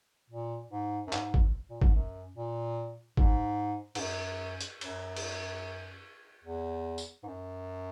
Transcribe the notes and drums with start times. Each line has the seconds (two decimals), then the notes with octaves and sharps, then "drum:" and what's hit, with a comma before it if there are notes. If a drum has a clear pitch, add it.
0.30 A#2
0.71 G#2
1.07 F#2
1.13 G#2, drum: clap
1.34 drum: kick
1.69 A#2
1.82 G#2, drum: kick
1.94 F#2
2.36 A#2
3.17 G#2, drum: kick
3.95 G#2, drum: cymbal
3.99 F#2
4.61 drum: hi-hat
4.81 F#2, drum: cymbal
5.16 drum: cymbal
6.45 E2
6.98 drum: tambourine
7.23 G#2
7.27 F#2